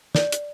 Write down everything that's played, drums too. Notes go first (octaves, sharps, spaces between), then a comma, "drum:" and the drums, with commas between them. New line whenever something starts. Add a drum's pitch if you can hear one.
D5, drum: snare
drum: hi-hat